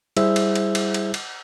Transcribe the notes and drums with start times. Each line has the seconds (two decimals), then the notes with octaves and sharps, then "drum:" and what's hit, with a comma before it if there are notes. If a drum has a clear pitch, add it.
0.17 G3 E4 G#4 C5 E5 E6, drum: cymbal
0.36 drum: cymbal
0.55 drum: cymbal
0.75 drum: cymbal
0.94 drum: cymbal
1.14 drum: cymbal